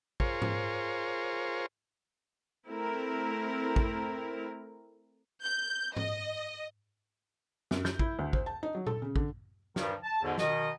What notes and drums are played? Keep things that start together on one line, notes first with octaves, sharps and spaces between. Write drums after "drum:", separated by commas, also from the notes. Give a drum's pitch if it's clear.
F4 G#4 A#4 C5 C#5, drum: kick
drum: tom G#2
A3 C4 E4 A#4
drum: kick
G6
D#5, drum: tom G#2
F#2, drum: snare
G6, drum: snare
E4, drum: kick
D2
C5, drum: kick
A5
D#4
F#3
A4, drum: tom A#2
C#3
D3, drum: kick
G2 D#3 F3 G3, drum: snare
A5
E2 G#2 B2 D3
B2 D#3 D#5, drum: snare